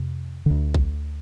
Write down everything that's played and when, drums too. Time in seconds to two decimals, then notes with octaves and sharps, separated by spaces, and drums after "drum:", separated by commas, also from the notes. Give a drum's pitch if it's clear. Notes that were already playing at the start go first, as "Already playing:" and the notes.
Already playing: F2 C3
0.46 D2 D3
0.74 drum: kick A#1